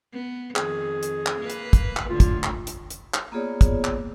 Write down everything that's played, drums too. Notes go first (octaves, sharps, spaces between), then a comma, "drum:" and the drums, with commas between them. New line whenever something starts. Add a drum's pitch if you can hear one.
B3
F2 D#3 G#4, drum: clap
drum: hi-hat
drum: clap
A#3 B4
drum: hi-hat
drum: kick, hi-hat
drum: clap
A2 D3 F4
drum: kick, hi-hat
drum: clap
drum: hi-hat
drum: hi-hat
drum: clap
A#3 B3 F4 G#4 C#5 D5
drum: kick, hi-hat
drum: clap